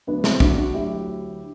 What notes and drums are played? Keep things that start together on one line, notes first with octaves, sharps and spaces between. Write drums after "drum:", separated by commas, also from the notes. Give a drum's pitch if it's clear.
D2 D3 F#3 B3 D4
C4 E4, drum: snare
D4 F#4, drum: kick
D4 F#4
D2 D3 F#3 E4 G4